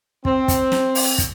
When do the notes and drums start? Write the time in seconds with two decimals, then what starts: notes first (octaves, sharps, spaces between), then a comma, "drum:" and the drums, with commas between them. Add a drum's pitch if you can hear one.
0.25 C4, drum: kick
0.48 drum: kick, hi-hat
0.72 drum: snare
0.95 drum: open hi-hat
1.18 drum: kick, hi-hat